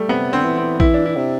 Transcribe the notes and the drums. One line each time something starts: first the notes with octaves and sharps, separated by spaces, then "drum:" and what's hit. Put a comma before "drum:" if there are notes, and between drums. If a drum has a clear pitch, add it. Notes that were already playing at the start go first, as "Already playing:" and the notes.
Already playing: G3 A3
C3 B3
D3 C4
E3
C4
E3 E4, drum: kick A#1
D4
E4
C3